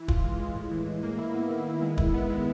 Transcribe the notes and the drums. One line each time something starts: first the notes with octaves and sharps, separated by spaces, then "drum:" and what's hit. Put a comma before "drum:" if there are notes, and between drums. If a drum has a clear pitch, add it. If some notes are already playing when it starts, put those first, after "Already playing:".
Already playing: E3
F4, drum: kick
G#3
G#3
A2
E3
A2
A#3
E4
B3
D#3
D#3
G#3
E4, drum: kick
B3
G#3